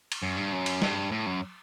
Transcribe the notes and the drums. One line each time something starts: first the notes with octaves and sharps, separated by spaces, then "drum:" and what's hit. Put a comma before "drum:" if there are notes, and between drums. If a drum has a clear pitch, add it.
drum: cymbal
F#2
G2
F#2
drum: cymbal
G2, drum: snare
A2
F#2